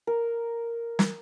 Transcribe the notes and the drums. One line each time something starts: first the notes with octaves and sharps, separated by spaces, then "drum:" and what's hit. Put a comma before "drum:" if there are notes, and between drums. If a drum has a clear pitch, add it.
A#4
drum: snare